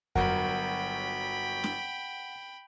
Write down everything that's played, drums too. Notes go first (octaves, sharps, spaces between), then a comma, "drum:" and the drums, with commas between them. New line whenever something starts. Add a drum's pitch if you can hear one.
G1 F#3 A#4 F#5 G5 B5, drum: kick F2
drum: snare